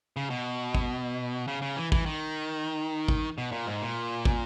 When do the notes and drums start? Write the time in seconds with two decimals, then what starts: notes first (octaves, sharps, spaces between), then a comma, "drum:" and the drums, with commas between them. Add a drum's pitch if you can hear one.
0.17 C#3
0.30 B2
0.75 drum: kick
1.48 C#3
1.62 C#3
1.77 E3
1.92 E3, drum: kick
2.06 D#3
3.08 drum: kick
3.38 B2
3.52 A#2
3.67 G#2
3.82 A#2
4.25 drum: kick